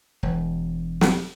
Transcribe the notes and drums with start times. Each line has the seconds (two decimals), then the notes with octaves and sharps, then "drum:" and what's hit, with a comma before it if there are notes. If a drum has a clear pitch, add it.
0.23 E1
1.01 drum: snare